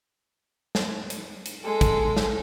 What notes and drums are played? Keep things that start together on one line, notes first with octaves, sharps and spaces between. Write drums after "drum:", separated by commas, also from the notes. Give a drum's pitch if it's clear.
drum: snare
drum: hi-hat
drum: hi-hat
G#3 A4
drum: kick, hi-hat
drum: snare